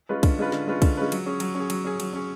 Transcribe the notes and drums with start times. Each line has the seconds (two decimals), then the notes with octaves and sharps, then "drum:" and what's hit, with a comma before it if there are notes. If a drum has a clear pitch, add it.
0.09 G#3 C#4 F4 B4
0.23 D3, drum: kick, cymbal
0.39 G#3 C#4 F4 B4
0.52 D3, drum: snare
0.67 G#3 C#4 F4 B4
0.82 D3, drum: kick, cymbal
0.97 G#3 C#4 F4 B4
1.12 F#3, drum: cymbal
1.26 C#4 G#4
1.40 F#3, drum: cymbal
1.55 C#4 G#4
1.70 F#3, drum: cymbal
1.85 C#4 G#4
2.00 F#3, drum: cymbal
2.13 C#4 G#4